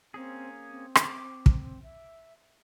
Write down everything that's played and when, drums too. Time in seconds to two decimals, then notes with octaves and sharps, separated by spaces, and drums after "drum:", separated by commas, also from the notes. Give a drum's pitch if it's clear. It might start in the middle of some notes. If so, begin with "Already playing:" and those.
0.14 A#3 C4 C#4 G#4
0.70 C4
0.95 drum: rim click
1.05 D6
1.46 drum: kick
1.83 E5